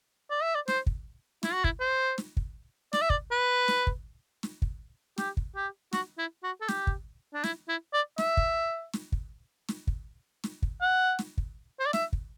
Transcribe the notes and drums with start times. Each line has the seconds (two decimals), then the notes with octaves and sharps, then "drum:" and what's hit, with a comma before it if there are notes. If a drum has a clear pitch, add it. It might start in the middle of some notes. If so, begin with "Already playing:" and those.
0.30 D5
0.42 E5
0.55 D5
0.68 C5, drum: snare
0.86 drum: kick
1.43 E4, drum: snare
1.53 F#4
1.64 E4, drum: kick
1.80 C5
2.18 drum: snare
2.37 drum: kick
2.93 D5, drum: snare
3.02 E5
3.10 D5, drum: kick
3.31 B4
3.68 drum: snare
3.87 drum: kick
4.43 drum: snare
4.62 drum: kick
5.18 G4, drum: snare
5.37 drum: kick
5.56 G4
5.93 F#4, drum: snare
6.18 E4
6.43 F#4
6.61 A4
6.69 G4, drum: snare
6.87 drum: kick
7.34 D4
7.44 E4, drum: snare
7.68 E4
7.93 D5
8.18 E5, drum: snare
8.37 drum: kick
8.94 drum: snare
9.12 drum: kick
9.69 drum: snare
9.87 drum: kick
10.44 drum: snare
10.62 drum: kick
10.81 F#5
11.19 drum: snare
11.38 drum: kick
11.79 C5
11.86 D5
11.93 E5, drum: snare
12.13 drum: kick